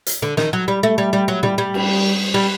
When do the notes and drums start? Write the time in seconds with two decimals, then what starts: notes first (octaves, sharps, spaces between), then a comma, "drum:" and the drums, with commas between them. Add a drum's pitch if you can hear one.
0.06 drum: hi-hat
0.22 D3
0.37 D#3, drum: snare
0.53 F#3
0.68 G3
0.83 A3
0.98 G3
1.13 G3
1.28 F#3
1.43 G3, drum: tom
1.58 G3
1.74 drum: cymbal
2.34 G3